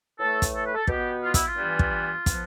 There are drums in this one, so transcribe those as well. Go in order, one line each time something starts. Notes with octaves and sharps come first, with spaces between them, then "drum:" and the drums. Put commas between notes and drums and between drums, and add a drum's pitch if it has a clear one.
A2 E3 A3 A4
drum: kick, hi-hat
A4
B4
A4
B2 B3 G4, drum: kick
F4
E4, drum: kick, hi-hat
F4
G2 E3 G3 B3
drum: kick
F3 B3, drum: kick, hi-hat